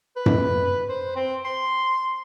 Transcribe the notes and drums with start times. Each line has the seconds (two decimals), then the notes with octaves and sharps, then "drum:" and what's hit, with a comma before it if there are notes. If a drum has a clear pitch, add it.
0.16 B4
0.26 drum: tom F#2
0.89 C5
1.16 C4
1.45 C6